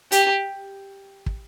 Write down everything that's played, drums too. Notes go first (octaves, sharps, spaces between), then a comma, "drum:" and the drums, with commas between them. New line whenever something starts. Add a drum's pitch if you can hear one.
G4, drum: hi-hat
drum: kick